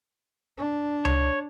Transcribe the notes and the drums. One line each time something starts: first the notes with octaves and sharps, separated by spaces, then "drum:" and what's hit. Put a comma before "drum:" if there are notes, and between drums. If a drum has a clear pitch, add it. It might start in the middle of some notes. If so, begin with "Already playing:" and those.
D4
C#5, drum: tom C#2